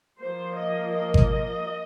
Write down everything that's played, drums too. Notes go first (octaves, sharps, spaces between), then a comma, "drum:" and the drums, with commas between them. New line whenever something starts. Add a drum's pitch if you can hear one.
F3 A#3 C5
D#5
D#5
drum: kick G#1